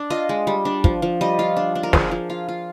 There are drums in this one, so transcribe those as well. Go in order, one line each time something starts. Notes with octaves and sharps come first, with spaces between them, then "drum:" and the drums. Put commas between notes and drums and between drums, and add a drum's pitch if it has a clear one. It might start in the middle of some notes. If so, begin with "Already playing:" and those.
Already playing: D4
F4 D#5
G#3
G3
D4
F3, drum: kick
F3
G3 D#5
F4
D4
D4
A#4
F3 G#4, drum: snare
F3
F4
F4